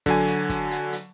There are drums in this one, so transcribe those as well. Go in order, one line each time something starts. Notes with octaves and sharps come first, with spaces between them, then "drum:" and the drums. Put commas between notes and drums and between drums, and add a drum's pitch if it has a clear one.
D3 F#3 G#5, drum: kick, hi-hat
drum: hi-hat
drum: kick, hi-hat
drum: hi-hat
drum: hi-hat